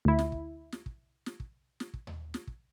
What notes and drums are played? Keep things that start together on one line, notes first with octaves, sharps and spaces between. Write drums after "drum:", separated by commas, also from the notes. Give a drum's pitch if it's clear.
D2 E4
drum: snare
drum: kick
drum: snare
drum: kick
drum: snare
drum: kick
drum: snare
drum: kick
drum: tom D#2
drum: snare
drum: kick